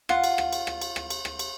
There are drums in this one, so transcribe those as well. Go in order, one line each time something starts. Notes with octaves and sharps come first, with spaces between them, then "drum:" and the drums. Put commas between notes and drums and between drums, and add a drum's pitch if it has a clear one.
F4 F#5, drum: rim click
drum: cymbal
drum: rim click
drum: cymbal
drum: rim click
drum: cymbal
drum: rim click
drum: cymbal
drum: rim click
drum: cymbal